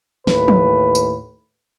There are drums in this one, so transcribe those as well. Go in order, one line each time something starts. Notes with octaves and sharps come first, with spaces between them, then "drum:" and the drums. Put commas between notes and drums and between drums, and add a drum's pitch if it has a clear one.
D#2 A2 B4, drum: snare
drum: tom
drum: tambourine